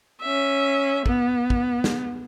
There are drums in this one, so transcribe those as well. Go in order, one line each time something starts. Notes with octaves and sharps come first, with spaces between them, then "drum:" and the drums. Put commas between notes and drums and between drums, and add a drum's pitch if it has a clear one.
C#4 E5
B3, drum: kick
drum: kick
drum: snare